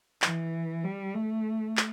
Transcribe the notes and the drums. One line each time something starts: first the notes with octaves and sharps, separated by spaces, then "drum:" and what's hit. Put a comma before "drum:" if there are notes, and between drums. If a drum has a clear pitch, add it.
E3, drum: clap
G3
A3
drum: clap